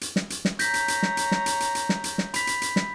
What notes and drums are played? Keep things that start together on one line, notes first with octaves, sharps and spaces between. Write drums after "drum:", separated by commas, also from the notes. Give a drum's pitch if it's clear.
drum: hi-hat
drum: snare
drum: hi-hat
drum: snare
C#5 A#5 G6 A#6 B6, drum: hi-hat
drum: hi-hat
drum: hi-hat
drum: snare
drum: hi-hat
drum: snare
drum: hi-hat
drum: hi-hat
drum: hi-hat
drum: snare
drum: hi-hat
drum: snare
B5 B6, drum: hi-hat
drum: hi-hat
drum: hi-hat
drum: snare